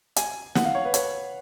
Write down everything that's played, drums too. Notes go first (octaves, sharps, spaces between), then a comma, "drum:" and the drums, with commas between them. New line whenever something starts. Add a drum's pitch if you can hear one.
G#5, drum: hi-hat
F#5, drum: snare
F5
C#5
B4
C#5, drum: hi-hat